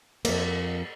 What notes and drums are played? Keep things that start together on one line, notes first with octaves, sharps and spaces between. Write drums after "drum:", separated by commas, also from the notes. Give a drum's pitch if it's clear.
F2 A#3, drum: cymbal